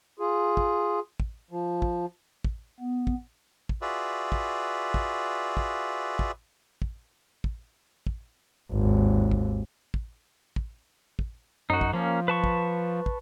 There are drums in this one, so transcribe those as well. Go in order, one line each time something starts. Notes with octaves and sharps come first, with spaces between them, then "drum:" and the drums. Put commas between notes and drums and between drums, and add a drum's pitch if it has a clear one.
F4 G#4
drum: kick
drum: kick
F3
drum: kick
drum: kick
B3
drum: kick
drum: kick
F4 F#4 G#4 B4 D5 E5
drum: kick
drum: kick
drum: kick
drum: kick
drum: kick
drum: kick
drum: kick
G#1 D#2
drum: kick
drum: kick
drum: kick
drum: kick
F#2 D#4 F#4
drum: kick
F3 A#3 C#4
B4 A5 C#6
drum: kick
drum: kick